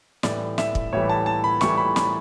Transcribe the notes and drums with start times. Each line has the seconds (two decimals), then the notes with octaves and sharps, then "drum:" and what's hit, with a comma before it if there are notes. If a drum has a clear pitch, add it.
0.23 A2 E3 G3 D5, drum: snare
0.58 E5, drum: snare
0.75 drum: kick
0.93 A2 E3 G3 C#5
1.09 A5
1.26 A5
1.44 B5
1.61 A2 E3 G3 C#6, drum: snare
1.78 B5
1.96 B5, drum: snare